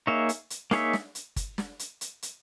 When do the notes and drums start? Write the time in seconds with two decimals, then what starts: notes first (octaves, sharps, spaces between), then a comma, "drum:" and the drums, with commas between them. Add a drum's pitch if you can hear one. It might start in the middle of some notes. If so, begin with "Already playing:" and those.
0.07 A#3 D#4 G#4 C#5 E5
0.29 drum: hi-hat
0.50 drum: hi-hat
0.71 A#3 D#4 G#4 C#5 E5, drum: snare
0.93 drum: snare
1.15 drum: hi-hat
1.36 drum: kick, hi-hat
1.58 drum: snare
1.79 drum: hi-hat
2.01 drum: hi-hat
2.22 drum: hi-hat